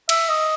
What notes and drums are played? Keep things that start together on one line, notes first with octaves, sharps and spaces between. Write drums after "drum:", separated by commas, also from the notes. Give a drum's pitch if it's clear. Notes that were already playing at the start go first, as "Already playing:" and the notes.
E5, drum: cymbal
D#5